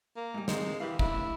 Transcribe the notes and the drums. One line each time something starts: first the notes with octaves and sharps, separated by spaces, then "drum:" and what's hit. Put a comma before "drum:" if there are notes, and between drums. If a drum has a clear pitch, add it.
A#3
G#2 G3
A2 D#3 G#3 C4, drum: snare
E3 G4 F5
A2 D4 E4, drum: kick